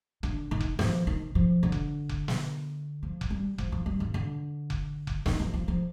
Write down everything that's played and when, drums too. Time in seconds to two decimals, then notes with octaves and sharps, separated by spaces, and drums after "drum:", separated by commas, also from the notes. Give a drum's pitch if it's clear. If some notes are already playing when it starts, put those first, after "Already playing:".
0.23 D3, drum: kick F1
0.51 D#3
0.61 drum: kick F1
0.79 F3, drum: snare
1.07 D#3
1.35 F3
1.63 D3
1.72 drum: kick F1
2.09 drum: kick F1
2.28 drum: snare
3.03 F3
3.21 drum: kick F1
3.30 G3
3.58 F3, drum: kick F1
3.72 F3
3.86 G3
4.00 D#3
4.14 D3
4.70 drum: kick F1
5.07 drum: kick F1
5.26 D#3, drum: snare
5.40 F3
5.54 F3
5.68 F3